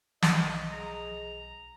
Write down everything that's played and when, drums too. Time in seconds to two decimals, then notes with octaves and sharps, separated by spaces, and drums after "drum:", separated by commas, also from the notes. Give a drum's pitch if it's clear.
0.22 B1 D#5, drum: snare
0.72 G#4 A#5